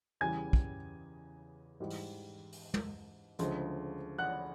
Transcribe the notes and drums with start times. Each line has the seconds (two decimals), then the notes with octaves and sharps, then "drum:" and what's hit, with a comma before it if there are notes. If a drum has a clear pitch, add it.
0.21 E2 C#3 E3 G3 G#5 G#6
0.53 drum: kick
1.80 G#2 E3 G3
1.90 drum: open hi-hat
2.52 drum: open hi-hat
2.74 drum: tom
3.39 D2 C#3 F3 G#3, drum: hi-hat
4.19 F#5 F#6